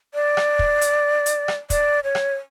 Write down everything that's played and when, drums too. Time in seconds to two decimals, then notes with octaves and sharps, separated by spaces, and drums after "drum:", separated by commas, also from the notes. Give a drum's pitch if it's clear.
0.14 D5
0.37 drum: rim click
0.59 drum: kick
0.81 drum: hi-hat
1.26 drum: hi-hat
1.48 drum: rim click
1.70 D5, drum: kick, hi-hat
2.04 C#5
2.15 drum: rim click